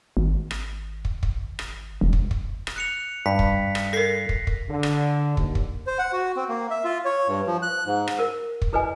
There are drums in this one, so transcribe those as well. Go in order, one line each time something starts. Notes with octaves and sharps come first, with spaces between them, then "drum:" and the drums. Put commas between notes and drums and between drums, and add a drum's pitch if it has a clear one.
G#1
drum: rim click
drum: kick
drum: kick
drum: rim click
E1
drum: kick
drum: kick
drum: rim click
F#6 C#7 F7
G2 B6
drum: kick
drum: rim click
A4 A#4 A#6 C7
drum: kick
drum: kick
D3
drum: rim click
D#2, drum: kick
drum: kick
C5
F#5
F#4
C4
A#3
E5
F4
C#5
G2
F3
F#6
G#2
drum: rim click
A#4
drum: kick
E4 A4 B4 D5 D#5 G#5